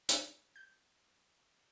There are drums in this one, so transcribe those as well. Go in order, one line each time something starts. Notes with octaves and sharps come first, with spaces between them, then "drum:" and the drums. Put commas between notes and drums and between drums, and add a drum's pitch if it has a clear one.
E6, drum: hi-hat
G6